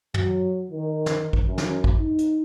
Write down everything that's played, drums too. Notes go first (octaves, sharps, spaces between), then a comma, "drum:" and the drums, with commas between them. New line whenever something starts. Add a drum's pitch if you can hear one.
F#3, drum: tom
D#3
drum: snare
drum: kick
F#2
drum: snare
drum: kick
D#4
drum: hi-hat